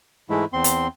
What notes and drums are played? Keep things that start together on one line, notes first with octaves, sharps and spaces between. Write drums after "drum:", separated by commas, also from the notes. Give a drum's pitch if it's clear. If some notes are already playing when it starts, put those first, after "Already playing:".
G#2 E3 G#3 A3 E4
E2 C4 C6
drum: hi-hat